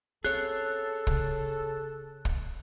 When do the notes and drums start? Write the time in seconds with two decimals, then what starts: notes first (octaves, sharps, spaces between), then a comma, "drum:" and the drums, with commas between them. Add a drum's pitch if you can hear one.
0.24 C4 G#4 A4 C#5 F#6
1.07 C#3, drum: kick
2.25 drum: kick